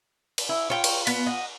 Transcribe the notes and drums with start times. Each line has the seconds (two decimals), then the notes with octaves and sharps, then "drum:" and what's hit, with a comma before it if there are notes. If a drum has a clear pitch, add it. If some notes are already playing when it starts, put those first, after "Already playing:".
0.38 drum: cymbal
0.49 E4
0.70 F4 C#5 G5
0.84 drum: cymbal
1.07 B3, drum: cymbal
1.26 D#5 F#5